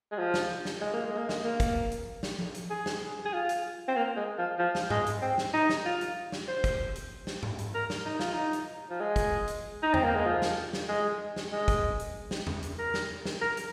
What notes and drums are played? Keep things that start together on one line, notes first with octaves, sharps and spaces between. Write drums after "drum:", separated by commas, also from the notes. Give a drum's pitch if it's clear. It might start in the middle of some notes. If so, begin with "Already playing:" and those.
G#3
F3
drum: snare
drum: snare
G#3
A#3
G#3
A#3
G#3, drum: snare
A#3
drum: kick, hi-hat
drum: hi-hat
drum: snare
drum: tom F3
drum: hi-hat
G#4
drum: snare
G#4
F4
drum: hi-hat
C4
A#3
G#3
F3
F3
drum: snare
G#3, drum: tom G#2
drum: hi-hat
C4
drum: snare
D#4
drum: snare
F4
drum: hi-hat
drum: snare
C5
drum: kick, hi-hat
drum: hi-hat
drum: snare
drum: tom G#2
drum: hi-hat
A#4
drum: snare
D#4
F4, drum: snare
D#4
drum: hi-hat
F3
G#3
drum: kick, hi-hat
drum: hi-hat
D#4
C4, drum: tom E2
A#3
G#3
F3
drum: snare
drum: snare
G#3
drum: snare
G#3
drum: kick, hi-hat
drum: hi-hat
drum: snare
drum: tom E2
drum: hi-hat
A#4
drum: snare
drum: snare
A#4
drum: hi-hat